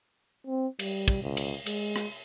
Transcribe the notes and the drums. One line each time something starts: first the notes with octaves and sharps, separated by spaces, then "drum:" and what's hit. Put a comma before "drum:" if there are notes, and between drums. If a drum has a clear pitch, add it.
C4
G3, drum: cymbal
drum: kick
C#2
drum: cymbal
G#3, drum: cymbal
drum: rim click